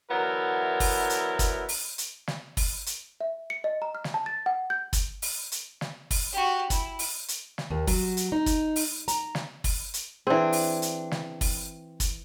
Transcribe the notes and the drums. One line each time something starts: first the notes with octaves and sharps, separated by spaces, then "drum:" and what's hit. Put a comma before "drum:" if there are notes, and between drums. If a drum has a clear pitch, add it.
D3 E3 F#3 B3 E4 A#4
drum: kick, open hi-hat
drum: hi-hat
drum: kick, hi-hat
drum: open hi-hat
drum: hi-hat
drum: snare
drum: kick, open hi-hat
drum: hi-hat
E5
C#7
D#5
A#5
F6
drum: snare
A5
A6
F#5
G6
drum: kick, hi-hat
drum: open hi-hat
drum: hi-hat
drum: snare
drum: kick, open hi-hat
F#4 G4
E4, drum: kick, hi-hat
drum: open hi-hat
drum: hi-hat
drum: snare
D#2
F#3, drum: kick, open hi-hat
drum: hi-hat
D#4
drum: kick, hi-hat
drum: open hi-hat
A#5, drum: hi-hat
drum: snare
drum: kick, open hi-hat
drum: hi-hat
E3 C4 D4 G#4
drum: open hi-hat
drum: hi-hat
drum: snare
drum: kick, open hi-hat
drum: kick, hi-hat